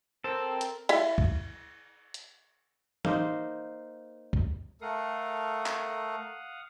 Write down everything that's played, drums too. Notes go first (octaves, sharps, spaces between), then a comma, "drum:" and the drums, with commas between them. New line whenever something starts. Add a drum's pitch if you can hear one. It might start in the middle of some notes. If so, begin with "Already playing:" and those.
C4 A4 A#4
drum: hi-hat
E4 E5 F5, drum: cymbal
drum: kick
drum: hi-hat
A#3 D#4 C5, drum: tom E3
drum: kick
A3 A4 A#4 F5 F#5 D#6
drum: clap